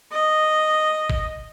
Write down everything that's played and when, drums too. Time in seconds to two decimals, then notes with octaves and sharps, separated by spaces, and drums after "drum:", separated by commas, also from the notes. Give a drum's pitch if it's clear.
0.12 D#5
1.10 drum: kick